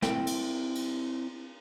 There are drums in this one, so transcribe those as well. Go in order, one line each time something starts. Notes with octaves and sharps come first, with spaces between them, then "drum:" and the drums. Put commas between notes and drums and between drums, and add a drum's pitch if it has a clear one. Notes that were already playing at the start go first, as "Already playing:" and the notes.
C4 E4 G5, drum: snare
drum: cymbal
drum: cymbal